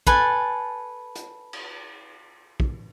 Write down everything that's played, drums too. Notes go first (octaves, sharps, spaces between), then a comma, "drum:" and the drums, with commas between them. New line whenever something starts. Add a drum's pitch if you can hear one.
A4 B4 G#5 A5, drum: kick
drum: hi-hat
drum: cymbal
drum: kick